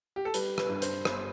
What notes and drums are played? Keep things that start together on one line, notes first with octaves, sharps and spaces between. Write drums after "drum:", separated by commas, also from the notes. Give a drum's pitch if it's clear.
G4
A4
G3 B4, drum: hi-hat
B4, drum: rim click
G2
C5, drum: hi-hat
G1 C5, drum: rim click